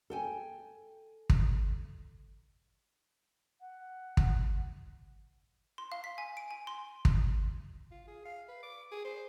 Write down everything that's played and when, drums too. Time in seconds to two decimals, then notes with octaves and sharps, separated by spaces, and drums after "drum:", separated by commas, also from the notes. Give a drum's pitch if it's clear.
0.10 A4 G5 G#5
1.30 drum: kick
3.60 F#5
4.17 drum: kick
5.78 C6
5.92 F5
6.04 B6
6.18 G#5
6.37 D7
6.51 G#5
6.67 C6
7.05 drum: kick
7.91 F4
8.07 G#4
8.26 F5
8.49 B4
8.63 D6
8.92 G#4
9.05 C5